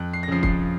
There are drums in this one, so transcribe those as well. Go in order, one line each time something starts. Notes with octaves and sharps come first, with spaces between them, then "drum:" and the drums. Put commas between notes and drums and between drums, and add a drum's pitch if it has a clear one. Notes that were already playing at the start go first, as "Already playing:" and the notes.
Already playing: F2 F#6
C7
A#6
C#3 F3 C7
C7, drum: kick